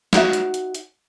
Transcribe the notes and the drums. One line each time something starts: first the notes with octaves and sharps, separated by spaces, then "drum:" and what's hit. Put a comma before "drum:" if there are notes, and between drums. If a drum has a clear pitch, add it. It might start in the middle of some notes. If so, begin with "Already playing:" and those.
D#4 F#4 E5, drum: snare
drum: hi-hat
drum: hi-hat
drum: hi-hat